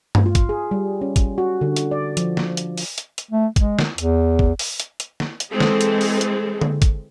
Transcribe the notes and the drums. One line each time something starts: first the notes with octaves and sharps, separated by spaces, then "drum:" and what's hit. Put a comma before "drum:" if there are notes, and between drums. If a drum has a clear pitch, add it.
drum: tom G2
F4
drum: kick, hi-hat
G#4
G3
C#4
drum: kick, hi-hat
F#4
D3
drum: hi-hat
D5
F3, drum: hi-hat
drum: snare
drum: hi-hat
drum: open hi-hat
drum: hi-hat
drum: hi-hat
A3
G#3, drum: kick, hi-hat
drum: snare
E2, drum: hi-hat
drum: kick
drum: open hi-hat
drum: hi-hat
drum: hi-hat
drum: snare
drum: hi-hat
E3 G#3 C4 G#4 A4
drum: snare
drum: hi-hat
drum: open hi-hat
drum: hi-hat
drum: tom D3
drum: kick, hi-hat